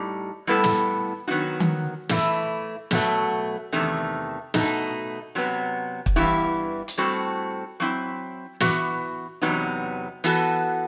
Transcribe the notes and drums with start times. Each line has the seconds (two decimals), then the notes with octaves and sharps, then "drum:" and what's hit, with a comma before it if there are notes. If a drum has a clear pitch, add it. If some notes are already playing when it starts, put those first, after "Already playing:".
Already playing: A2 G3 D#4
0.47 A2 G3 B3 E4 A4
0.64 drum: snare
1.28 D#3 F#3 B3 D#4 F#4
1.60 drum: tom D#3
2.09 E3 A3 E4, drum: snare
2.91 B2 F#3 A3, drum: snare
3.72 E2 C3 D#3 A3
4.54 B2 A3 D#4, drum: snare
5.35 C3 F#3 B3
6.06 drum: kick
6.16 G2 E3 B3 E4 G4
6.88 drum: hi-hat
6.98 A2 G3 C4 F#4 A4
7.80 F#3 C4 E4
8.61 E3 B3 F#4, drum: snare
9.42 E2 C3 F#3 B3 D#4
10.24 E3 B3 F#4 A4, drum: hi-hat